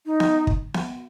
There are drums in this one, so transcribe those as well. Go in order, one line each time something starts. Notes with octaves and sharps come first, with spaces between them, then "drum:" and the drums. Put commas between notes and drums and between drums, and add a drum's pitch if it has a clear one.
D#4
drum: snare B3
drum: kick
drum: snare B3